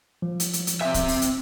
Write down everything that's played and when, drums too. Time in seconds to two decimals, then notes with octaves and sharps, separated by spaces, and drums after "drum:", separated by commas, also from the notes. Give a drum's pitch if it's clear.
0.22 F3
0.40 drum: hi-hat
0.53 drum: hi-hat
0.67 drum: hi-hat
0.81 C4 E5, drum: rim click
0.94 drum: kick, hi-hat
1.08 drum: open hi-hat
1.22 drum: hi-hat